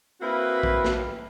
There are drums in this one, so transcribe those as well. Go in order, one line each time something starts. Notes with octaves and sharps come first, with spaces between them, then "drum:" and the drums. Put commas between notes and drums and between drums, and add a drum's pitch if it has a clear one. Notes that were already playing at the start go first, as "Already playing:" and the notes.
A#3 C4 E4 F#4 B4
drum: kick A#1
drum: snare